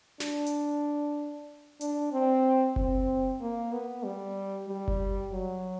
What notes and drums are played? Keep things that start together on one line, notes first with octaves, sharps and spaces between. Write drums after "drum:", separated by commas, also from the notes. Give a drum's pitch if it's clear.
D4, drum: snare
drum: hi-hat
D4, drum: hi-hat
C4
C4, drum: kick F#1
A#3
B3
G3
G3
drum: kick F#1
F#3